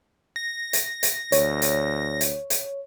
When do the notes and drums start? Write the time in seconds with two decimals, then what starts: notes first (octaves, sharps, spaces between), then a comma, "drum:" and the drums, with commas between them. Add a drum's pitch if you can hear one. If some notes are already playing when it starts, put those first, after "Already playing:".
0.36 A#6
0.73 drum: hi-hat
1.03 drum: hi-hat
1.32 D2 C#5, drum: hi-hat
1.62 drum: hi-hat
2.21 drum: hi-hat
2.50 drum: hi-hat